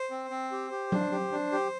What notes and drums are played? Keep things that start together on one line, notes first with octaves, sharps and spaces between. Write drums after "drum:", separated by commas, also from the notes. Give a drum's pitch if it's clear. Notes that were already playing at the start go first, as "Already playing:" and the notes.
Already playing: C5
C4
C4
G4
G4
D4, drum: tom F#3
G4
D4
G4